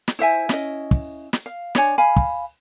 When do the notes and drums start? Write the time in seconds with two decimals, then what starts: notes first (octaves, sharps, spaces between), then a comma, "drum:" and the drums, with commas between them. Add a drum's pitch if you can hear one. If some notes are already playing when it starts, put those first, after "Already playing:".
0.08 drum: snare
0.19 E4 C5 E5 G#5
0.49 C#4 E4 D#5, drum: snare
0.91 drum: kick
1.33 drum: snare
1.46 F5
1.75 D4 C#5 G#5, drum: snare
1.98 F5 G#5 B5
2.16 drum: kick